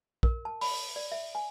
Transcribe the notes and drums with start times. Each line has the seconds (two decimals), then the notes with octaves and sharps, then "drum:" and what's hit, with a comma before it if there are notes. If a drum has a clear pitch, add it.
0.23 A#4, drum: kick
0.45 A5
0.61 B5, drum: open hi-hat
0.96 D5
1.12 E5
1.35 G#5